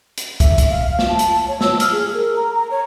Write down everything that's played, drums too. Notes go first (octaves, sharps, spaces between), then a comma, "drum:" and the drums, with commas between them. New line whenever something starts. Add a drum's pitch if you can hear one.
drum: hi-hat
E5, drum: kick, hi-hat
drum: kick, hi-hat
F5
F5
drum: snare
A5
drum: hi-hat
C#5
E6, drum: snare
F6, drum: hi-hat
G#4
A#4
A#5
A#5
C#5